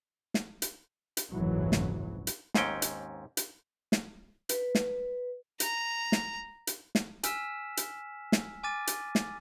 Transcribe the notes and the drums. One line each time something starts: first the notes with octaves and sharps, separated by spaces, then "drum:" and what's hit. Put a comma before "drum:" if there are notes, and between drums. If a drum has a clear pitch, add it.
drum: snare
drum: hi-hat
drum: hi-hat
F#1 C2 F2 G#2 E3 F#3
drum: snare
drum: hi-hat
D#2 G#2 C4 C#4 G5, drum: snare
drum: hi-hat
drum: hi-hat
drum: snare
B4, drum: hi-hat
drum: snare
A#5, drum: hi-hat
drum: snare
drum: hi-hat
drum: snare
G#5 E6 F6 B6 E7, drum: hi-hat
drum: hi-hat
drum: snare
G#5 D6 F6 A6 D#7
drum: hi-hat
drum: snare